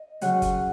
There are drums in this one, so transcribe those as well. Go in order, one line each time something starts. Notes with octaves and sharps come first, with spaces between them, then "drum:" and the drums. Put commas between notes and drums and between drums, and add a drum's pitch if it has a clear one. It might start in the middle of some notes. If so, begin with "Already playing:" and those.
Already playing: D#5
C#3 F#3 F#5, drum: hi-hat
drum: kick F#1, hi-hat